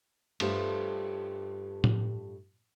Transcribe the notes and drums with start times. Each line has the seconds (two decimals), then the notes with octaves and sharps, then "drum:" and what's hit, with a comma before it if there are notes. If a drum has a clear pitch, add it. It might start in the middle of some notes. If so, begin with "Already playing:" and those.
0.40 G2 A3 F4 G4 C5, drum: cymbal
1.84 drum: tom A2